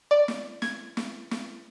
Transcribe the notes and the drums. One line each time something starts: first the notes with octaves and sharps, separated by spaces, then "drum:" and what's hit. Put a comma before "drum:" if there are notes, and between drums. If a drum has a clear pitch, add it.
D5
drum: snare
G#6, drum: snare
drum: snare
drum: snare